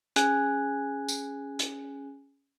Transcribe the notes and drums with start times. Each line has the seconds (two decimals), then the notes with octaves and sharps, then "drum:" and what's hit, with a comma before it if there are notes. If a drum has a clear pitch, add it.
0.16 C#4 G#4 G#5 F#6 G#6, drum: hi-hat
1.08 drum: tambourine
1.59 drum: hi-hat